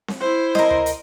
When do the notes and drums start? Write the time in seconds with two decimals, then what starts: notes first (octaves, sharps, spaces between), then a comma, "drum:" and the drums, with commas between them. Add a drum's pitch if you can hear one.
0.08 drum: snare C4
0.20 E4 C5
0.55 A#4 D#5, drum: snare C4
0.70 drum: tom D2
0.86 drum: hi-hat